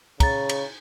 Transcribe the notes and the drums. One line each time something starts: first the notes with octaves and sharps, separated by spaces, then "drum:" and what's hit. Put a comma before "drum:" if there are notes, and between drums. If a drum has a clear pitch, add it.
C#3 A#5 A6, drum: kick, cymbal
drum: cymbal